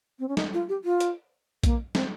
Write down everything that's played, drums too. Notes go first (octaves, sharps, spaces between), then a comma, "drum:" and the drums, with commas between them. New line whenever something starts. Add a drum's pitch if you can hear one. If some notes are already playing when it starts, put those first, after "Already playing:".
C4
C#4
D#4, drum: snare
F4
G4
F4
drum: hi-hat
A#3, drum: kick A#1, hi-hat
C4, drum: snare